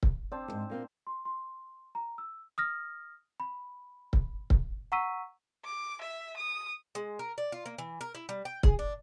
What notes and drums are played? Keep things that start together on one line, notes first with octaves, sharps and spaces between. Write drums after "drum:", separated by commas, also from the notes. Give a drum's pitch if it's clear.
drum: kick C#1
C4 D4 C5 D5
E2 G#2
A#2 A#3 C4
C6
C6
A#5
E6
D#6 F6 A#6
B5
drum: kick C#1
drum: kick C#1
F#5 A#5 C#6 E6 B6 D#7
D6
E5
D#6
G#3
A#4
D5
F4
A#3
E3
A#4
E4
G3
G5
G#4, drum: kick C#1
D4